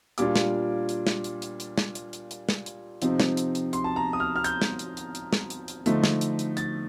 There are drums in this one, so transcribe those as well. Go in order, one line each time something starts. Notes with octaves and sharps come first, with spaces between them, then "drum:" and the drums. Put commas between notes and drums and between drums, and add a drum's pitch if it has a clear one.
A#2 G3 D4 F4 D6, drum: hi-hat
drum: snare
drum: hi-hat
drum: snare
drum: hi-hat
drum: hi-hat
drum: hi-hat
drum: snare
drum: hi-hat
drum: hi-hat
drum: hi-hat
drum: snare
drum: hi-hat
C3 F3 C4 D#4, drum: hi-hat
drum: snare
drum: hi-hat
drum: hi-hat
C6, drum: hi-hat
A5
A#5
D#6
F6
F6
G6, drum: hi-hat
drum: snare
drum: hi-hat
drum: hi-hat
drum: hi-hat
drum: snare
drum: hi-hat
drum: hi-hat
D3 F3 A3 D#4, drum: hi-hat
drum: snare
drum: hi-hat
drum: hi-hat
A6, drum: hi-hat